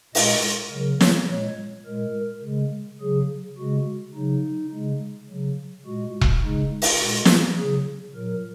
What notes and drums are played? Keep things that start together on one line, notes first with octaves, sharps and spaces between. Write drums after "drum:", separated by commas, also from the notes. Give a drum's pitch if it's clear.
A#2 G#3 D#5, drum: open hi-hat
C#3 F#3 A#4
C#5, drum: snare
A#2 G#3 C#5
A#2 G#3 A#4
C#3 G#3
C#3 F#3 G#4
C#3 G#3 F#4
C#3 F#3 D#4
C#3 G#3
C#3 F#3
A#2 G#3 F#4
drum: kick E1
C#3 G#3 D#4
drum: open hi-hat
A#2 G#3 F#4
drum: snare
C#3 F#3 G#4
A#2 F#3 A#4